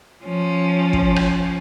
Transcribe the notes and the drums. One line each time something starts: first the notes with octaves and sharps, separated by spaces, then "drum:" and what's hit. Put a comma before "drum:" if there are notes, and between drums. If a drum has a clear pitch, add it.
F3 C#4
drum: kick
drum: rim click